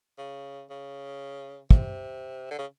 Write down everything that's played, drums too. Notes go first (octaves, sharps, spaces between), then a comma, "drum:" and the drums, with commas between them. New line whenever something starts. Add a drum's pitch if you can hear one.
C#3
C#3
C3, drum: kick
D3
C#3